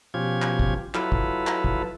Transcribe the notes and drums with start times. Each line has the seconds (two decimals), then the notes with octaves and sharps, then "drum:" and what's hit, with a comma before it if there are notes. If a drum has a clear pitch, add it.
0.14 B2 F3 C#4 F4 G4 G#6
0.42 drum: clap
0.59 drum: kick
0.94 F#3 E4 F4 A4 B4, drum: clap
1.12 drum: kick
1.47 drum: clap
1.64 drum: kick